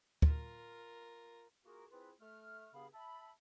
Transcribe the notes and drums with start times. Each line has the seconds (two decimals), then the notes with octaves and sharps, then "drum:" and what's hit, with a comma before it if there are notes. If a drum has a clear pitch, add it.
0.22 F4 A#4, drum: kick
1.65 A#3 F4 F#4 G#4 A#4
1.92 C4 E4 F4 G#4 B4
2.20 A3 F6
2.73 G2 C#3 B3 G#4 F5 B5
2.93 E5 A5 B5